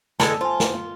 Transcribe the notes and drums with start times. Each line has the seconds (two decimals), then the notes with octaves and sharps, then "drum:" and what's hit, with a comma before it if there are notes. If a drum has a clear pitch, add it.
0.20 D3 G#3 A4 A5, drum: snare
0.41 F4 C5 G#5
0.60 drum: snare